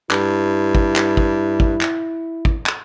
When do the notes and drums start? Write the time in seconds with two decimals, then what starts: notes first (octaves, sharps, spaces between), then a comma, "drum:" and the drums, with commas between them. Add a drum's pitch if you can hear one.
0.11 G2 E4, drum: clap
0.75 drum: kick
0.96 drum: clap
1.17 drum: kick
1.60 drum: kick
1.81 drum: clap
2.45 drum: kick
2.66 drum: clap